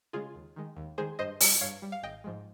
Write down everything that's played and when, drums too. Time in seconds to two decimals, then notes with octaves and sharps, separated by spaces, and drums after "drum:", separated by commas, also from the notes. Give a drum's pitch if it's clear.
0.13 C#3 G#3 F4 G#4
0.35 D#2
0.56 D#3 G#3
0.77 D#2
0.98 D#3 G#3 G#4 C5
1.19 G2 C5 D#5
1.40 G3, drum: open hi-hat
1.61 G2 C#5 F5
1.82 G3
1.92 F5
2.03 G#1 D#5 G5
2.24 G#2 F3 G#3